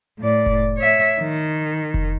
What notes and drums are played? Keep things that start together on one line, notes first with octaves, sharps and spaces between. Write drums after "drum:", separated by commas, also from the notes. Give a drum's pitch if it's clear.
A2 D5
drum: kick F1
C#5 E5
D#3
drum: kick F1